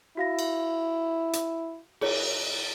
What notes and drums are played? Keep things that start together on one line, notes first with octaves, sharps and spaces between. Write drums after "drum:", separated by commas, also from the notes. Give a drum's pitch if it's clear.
E4 F#4 F5 A#6
drum: cymbal
drum: hi-hat
G#4 C#5, drum: cymbal